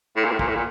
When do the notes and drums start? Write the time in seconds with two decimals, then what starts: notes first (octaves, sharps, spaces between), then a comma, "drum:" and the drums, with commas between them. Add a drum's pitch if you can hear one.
0.16 A2
0.25 A#2
0.31 A2
0.39 A#2, drum: kick
0.48 A2
0.55 A#2